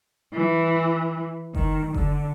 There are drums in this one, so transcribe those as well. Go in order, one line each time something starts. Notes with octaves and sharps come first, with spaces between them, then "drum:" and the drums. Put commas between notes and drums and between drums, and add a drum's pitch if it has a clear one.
E3
D#3, drum: kick F#1
D3, drum: kick F#1